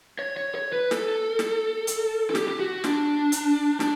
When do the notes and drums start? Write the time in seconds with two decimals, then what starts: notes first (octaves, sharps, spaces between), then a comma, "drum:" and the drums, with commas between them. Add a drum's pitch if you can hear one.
0.19 C#5
0.37 C#5
0.55 C#5
0.73 B4
0.91 A4, drum: snare
1.39 drum: snare
1.87 drum: hi-hat
2.31 A4
2.35 G4, drum: snare
2.48 G4
2.59 F#4
2.84 D4, drum: snare
3.32 drum: hi-hat
3.80 D4, drum: snare